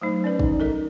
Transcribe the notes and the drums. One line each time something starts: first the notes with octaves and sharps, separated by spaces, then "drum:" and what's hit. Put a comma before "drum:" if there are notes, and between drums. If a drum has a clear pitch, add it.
F#3 A3 D#4 C5
C#4 B4 D5
D#4, drum: kick
A4 A#4 D#5